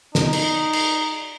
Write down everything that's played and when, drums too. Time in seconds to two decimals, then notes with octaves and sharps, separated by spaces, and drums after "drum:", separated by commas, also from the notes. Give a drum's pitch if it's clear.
0.15 D#4, drum: snare
0.33 drum: cymbal
0.73 drum: cymbal